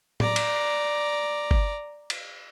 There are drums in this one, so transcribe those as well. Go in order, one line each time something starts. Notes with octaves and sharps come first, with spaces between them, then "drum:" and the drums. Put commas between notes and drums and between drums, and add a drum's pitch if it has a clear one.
D5 A#5, drum: tom A2
drum: cymbal
drum: kick G1
drum: cymbal